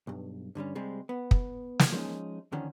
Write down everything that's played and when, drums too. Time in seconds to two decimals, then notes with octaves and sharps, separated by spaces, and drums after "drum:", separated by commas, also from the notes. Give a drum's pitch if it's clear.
0.07 B1 G2
0.55 G2 D3 G3 C#4
0.75 C3 G3 G#3 C4
1.09 B3
1.31 drum: kick
1.79 drum: snare
1.92 F3 G#3 C#4 D#4
2.52 D#2 D3 D#3 F3 C#4